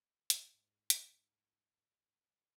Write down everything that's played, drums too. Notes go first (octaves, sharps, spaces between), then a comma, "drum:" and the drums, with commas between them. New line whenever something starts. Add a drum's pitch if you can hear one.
A2, drum: hi-hat
G#2
drum: hi-hat